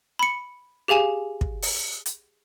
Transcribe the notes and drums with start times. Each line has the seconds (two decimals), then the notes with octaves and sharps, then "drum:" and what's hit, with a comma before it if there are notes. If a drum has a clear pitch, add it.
0.19 B5 C#7
0.88 G4 G#4 F5 G#5 E7
1.41 drum: kick
1.62 drum: open hi-hat
2.06 drum: hi-hat